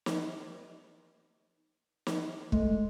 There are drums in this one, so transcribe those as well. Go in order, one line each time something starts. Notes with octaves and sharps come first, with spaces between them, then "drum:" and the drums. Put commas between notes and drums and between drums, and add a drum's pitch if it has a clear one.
drum: snare
drum: snare
G#3 A3, drum: kick